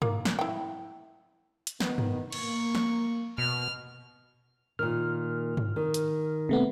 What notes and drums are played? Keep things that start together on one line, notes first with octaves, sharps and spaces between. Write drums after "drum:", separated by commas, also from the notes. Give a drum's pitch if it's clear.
A#3, drum: tom G2
drum: snare
E4 G5
drum: hi-hat
D#3 B3, drum: snare
drum: tom G2
A#3 C#6, drum: cymbal
drum: snare
B2 F6
A#2 D#3 F6
drum: tom G2
D#3
drum: hi-hat
C3 A3 B3